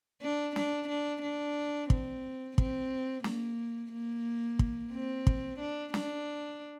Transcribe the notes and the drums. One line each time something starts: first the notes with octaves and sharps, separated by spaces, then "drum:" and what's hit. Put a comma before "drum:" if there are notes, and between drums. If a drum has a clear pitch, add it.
D4
D4, drum: snare
D4
D4
C4, drum: kick
C4, drum: kick
A#3, drum: snare
A#3
drum: kick
C4
drum: kick
D4
D4, drum: snare